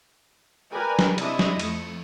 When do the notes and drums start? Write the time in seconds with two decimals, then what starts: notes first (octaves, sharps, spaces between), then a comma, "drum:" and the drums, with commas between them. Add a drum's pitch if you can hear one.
0.71 A#4 B4 D5 G5 G#5
0.99 drum: snare
1.18 C3 D4 E4 D#5 E5 D#6, drum: cymbal
1.39 drum: snare
1.59 F2 A3, drum: cymbal